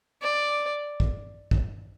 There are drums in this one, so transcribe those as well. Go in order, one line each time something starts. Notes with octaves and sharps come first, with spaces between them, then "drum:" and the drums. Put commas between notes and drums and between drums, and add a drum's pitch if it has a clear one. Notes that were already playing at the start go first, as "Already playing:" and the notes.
D5
drum: kick
drum: kick